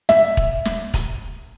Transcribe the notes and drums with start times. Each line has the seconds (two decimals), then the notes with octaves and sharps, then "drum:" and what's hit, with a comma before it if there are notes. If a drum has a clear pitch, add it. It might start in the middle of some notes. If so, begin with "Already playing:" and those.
0.09 E5, drum: snare
0.37 drum: kick
0.65 drum: snare
0.94 drum: kick, hi-hat